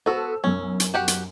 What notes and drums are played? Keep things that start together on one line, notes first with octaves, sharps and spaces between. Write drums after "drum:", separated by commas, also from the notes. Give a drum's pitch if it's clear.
B3 F#4 A4 C5 E6
B1 F#2 C#4
drum: hi-hat
F#4 G4 F#5
drum: hi-hat